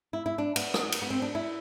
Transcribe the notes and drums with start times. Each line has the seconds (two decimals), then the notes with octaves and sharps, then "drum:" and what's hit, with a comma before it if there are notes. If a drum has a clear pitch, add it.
0.13 E4
0.26 E4
0.38 D4
0.56 B3, drum: cymbal
0.74 drum: rim click
0.92 drum: cymbal
1.02 B3
1.10 C4
1.22 D4
1.35 E4